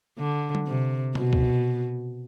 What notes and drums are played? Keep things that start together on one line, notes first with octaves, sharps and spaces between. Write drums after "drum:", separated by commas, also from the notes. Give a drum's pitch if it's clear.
D3
drum: tom
C3
B2, drum: tom B2
drum: kick